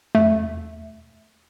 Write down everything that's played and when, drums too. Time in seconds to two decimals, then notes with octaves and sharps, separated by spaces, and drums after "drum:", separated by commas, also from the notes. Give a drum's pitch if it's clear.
0.15 A3, drum: tom